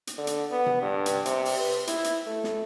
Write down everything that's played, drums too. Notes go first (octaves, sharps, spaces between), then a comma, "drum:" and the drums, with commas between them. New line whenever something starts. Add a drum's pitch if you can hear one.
drum: hi-hat
D3
drum: hi-hat
B3
drum: tom C3
G2
drum: hi-hat
C3, drum: hi-hat
drum: open hi-hat
B4
E4, drum: hi-hat
drum: hi-hat
A3
drum: snare